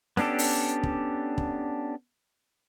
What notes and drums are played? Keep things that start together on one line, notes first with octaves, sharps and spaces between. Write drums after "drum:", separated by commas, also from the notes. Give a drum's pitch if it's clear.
B3 C#4 D4 G4 A4, drum: snare
drum: open hi-hat
drum: kick
drum: kick